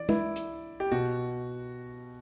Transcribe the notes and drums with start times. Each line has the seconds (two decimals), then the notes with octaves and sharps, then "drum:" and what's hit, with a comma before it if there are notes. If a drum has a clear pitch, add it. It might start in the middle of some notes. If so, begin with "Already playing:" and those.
Already playing: E3 D5
0.09 E4, drum: tom
0.36 drum: hi-hat
0.80 G4
0.92 B2 F#4